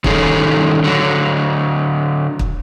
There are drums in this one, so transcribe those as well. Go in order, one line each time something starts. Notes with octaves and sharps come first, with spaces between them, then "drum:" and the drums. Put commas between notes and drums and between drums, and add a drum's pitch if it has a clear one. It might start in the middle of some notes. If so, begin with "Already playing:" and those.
D#3 G3 C#4 G#4 A4, drum: kick
D3 F#3
drum: kick